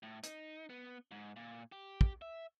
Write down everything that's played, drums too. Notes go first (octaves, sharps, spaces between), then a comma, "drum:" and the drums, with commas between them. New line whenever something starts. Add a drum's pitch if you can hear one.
A2
D#4, drum: hi-hat
B3
G#2
A#2
G4
drum: kick
E5